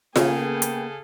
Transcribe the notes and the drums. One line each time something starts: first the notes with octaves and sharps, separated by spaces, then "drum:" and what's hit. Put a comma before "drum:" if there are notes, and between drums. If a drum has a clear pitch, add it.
C#3 A#3 B3 G#4 A4 G5, drum: snare F4
drum: hi-hat